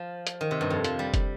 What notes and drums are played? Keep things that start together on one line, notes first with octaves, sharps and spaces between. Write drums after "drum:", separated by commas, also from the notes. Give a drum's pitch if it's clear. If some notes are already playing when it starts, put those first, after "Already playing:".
Already playing: F3
drum: hi-hat
D#3
C3
G2
F2
F3, drum: hi-hat
G3
drum: kick F1, hi-hat